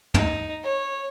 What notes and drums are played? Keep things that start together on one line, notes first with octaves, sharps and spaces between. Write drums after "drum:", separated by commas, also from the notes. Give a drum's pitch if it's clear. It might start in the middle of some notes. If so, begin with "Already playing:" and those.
D#4, drum: tom
C#5